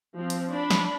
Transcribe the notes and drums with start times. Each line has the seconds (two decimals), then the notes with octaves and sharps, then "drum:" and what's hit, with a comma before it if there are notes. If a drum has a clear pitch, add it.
0.16 F3 C4
0.30 drum: hi-hat
0.50 D4 B5
0.70 drum: snare